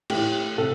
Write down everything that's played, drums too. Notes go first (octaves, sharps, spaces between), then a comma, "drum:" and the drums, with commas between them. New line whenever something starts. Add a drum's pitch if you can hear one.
A2 A3 G4, drum: cymbal
C3 A4